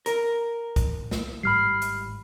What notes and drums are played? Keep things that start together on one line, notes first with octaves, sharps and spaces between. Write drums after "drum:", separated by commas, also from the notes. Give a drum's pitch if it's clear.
A#4, drum: hi-hat
drum: kick C2, hi-hat
drum: snare
G#1 G#2 G3 B5 F6 C7
drum: hi-hat